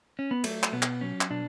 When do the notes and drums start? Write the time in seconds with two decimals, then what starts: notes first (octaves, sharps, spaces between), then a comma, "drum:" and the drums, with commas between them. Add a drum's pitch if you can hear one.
0.19 C#4
0.31 B3
0.44 F#3 A3, drum: cymbal
0.63 drum: clap
0.72 B2 B3
0.82 drum: clap
1.01 F#3 C#4
1.21 drum: clap
1.30 B2 D4